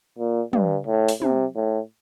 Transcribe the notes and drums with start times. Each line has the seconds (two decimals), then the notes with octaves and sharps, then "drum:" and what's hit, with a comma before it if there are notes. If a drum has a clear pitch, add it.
0.19 A#2
0.53 G2, drum: tom
0.87 A2
1.08 drum: open hi-hat
1.22 C3, drum: tom
1.56 A2